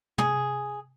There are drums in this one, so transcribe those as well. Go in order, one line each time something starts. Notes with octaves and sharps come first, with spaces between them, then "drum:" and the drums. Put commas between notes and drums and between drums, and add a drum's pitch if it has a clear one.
G#4, drum: tom